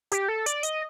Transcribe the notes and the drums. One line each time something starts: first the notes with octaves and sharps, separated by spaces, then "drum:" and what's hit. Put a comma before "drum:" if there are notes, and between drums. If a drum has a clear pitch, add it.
G4, drum: hi-hat
A4
D5, drum: hi-hat
D#5, drum: hi-hat